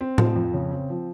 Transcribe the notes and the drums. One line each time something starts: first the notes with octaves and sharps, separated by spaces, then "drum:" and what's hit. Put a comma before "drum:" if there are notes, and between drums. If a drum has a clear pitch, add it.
C4
F3, drum: tom A2
F2
C#3
C4
F3